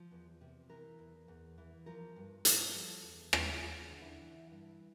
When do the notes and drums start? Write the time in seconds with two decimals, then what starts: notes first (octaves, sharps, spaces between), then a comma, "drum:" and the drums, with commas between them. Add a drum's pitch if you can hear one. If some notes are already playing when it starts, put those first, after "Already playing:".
Already playing: F3
0.11 E2
0.41 C3
0.69 E3 A#4
0.99 E2
1.28 E2
1.58 E3
1.86 F3 A#4
2.16 G2
2.45 G2 A4, drum: hi-hat
2.75 F3
3.04 E2
3.33 F3 D4, drum: rim click
3.48 E4
3.62 E2 F4
3.81 D4
3.92 D3
4.01 E4
4.21 E3
4.50 G2